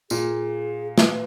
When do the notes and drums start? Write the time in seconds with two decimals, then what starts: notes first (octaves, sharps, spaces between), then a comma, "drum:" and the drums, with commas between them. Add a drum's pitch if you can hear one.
0.10 A#2 G#4, drum: tambourine
0.98 B4, drum: snare